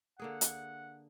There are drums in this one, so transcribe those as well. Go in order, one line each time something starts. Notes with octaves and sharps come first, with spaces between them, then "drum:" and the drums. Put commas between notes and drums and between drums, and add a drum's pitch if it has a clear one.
D3 A#3 G#4 F#5
drum: hi-hat